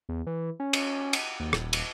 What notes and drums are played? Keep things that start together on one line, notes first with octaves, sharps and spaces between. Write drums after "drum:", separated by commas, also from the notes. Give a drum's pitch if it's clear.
E2
E3
C#4
drum: cymbal
drum: cymbal
D#2
D#1, drum: rim click
drum: cymbal